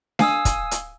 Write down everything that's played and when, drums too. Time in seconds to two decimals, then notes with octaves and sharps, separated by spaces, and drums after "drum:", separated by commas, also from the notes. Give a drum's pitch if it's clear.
0.19 F5 G#5 D#6 E6, drum: snare D4
0.45 drum: kick, hi-hat
0.71 drum: hi-hat